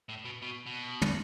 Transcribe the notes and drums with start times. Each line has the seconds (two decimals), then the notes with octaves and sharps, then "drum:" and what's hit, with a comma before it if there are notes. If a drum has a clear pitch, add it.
0.09 A2
0.25 B2
0.42 B2
0.66 B2
1.02 drum: tom